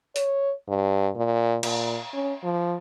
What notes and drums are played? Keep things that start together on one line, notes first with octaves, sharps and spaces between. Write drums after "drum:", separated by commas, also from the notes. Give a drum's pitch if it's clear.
C#5, drum: hi-hat
G2
A#2
A#2, drum: cymbal
C#4
F3